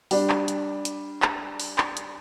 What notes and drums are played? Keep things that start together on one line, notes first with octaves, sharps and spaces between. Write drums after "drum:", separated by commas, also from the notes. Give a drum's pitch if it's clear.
G3 D4, drum: open hi-hat
drum: clap
drum: hi-hat
drum: hi-hat
drum: clap
drum: open hi-hat
drum: clap
drum: hi-hat